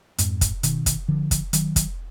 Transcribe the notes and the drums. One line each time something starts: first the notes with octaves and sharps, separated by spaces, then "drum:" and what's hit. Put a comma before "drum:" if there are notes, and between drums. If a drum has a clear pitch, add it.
F2 G#2, drum: hi-hat
drum: kick, hi-hat
B2 D#3, drum: hi-hat
drum: kick, hi-hat
D3 F3
drum: kick, hi-hat
D#3 F#3, drum: hi-hat
drum: kick, hi-hat